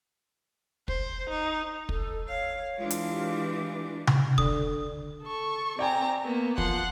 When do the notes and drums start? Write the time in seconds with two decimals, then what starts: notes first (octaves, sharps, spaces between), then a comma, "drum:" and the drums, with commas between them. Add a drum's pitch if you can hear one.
0.88 C5, drum: kick
1.30 D#4
1.89 A4, drum: kick
2.28 C#5 F5
2.78 E3 G#3 D4 F4
2.90 drum: hi-hat
3.09 G4
4.07 drum: tom C3
4.38 D3 D#6, drum: kick
5.23 A4 C#6
5.79 C4 D5 G5 G#5 A#5
6.22 A#3 B3
6.58 F3 F#5 C6, drum: kick